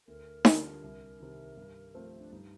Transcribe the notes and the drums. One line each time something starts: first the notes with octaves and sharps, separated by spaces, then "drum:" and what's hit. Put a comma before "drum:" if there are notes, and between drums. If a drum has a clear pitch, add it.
D2 A#4
D3 G3 D4 F4, drum: snare D#4
C2
C3 D#3
G2
F3 A3 C4
D4
G2 D#4